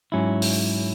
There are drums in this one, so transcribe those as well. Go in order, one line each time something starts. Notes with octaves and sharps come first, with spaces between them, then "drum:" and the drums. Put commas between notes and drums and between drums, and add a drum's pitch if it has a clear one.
G#2 F#3 C#4 E4
drum: open hi-hat